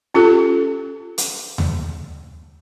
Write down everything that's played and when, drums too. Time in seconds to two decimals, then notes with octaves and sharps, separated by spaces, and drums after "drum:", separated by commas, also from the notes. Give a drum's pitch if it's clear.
0.14 C#4 F4 G4 A4
1.18 drum: hi-hat
1.58 drum: tom D#2